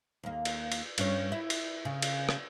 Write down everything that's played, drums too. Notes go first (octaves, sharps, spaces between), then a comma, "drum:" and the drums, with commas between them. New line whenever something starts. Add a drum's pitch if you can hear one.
D#2 A#3
drum: cymbal
drum: cymbal
G2 C#4 C#5, drum: cymbal
E4
drum: cymbal
C#3
drum: cymbal
drum: rim click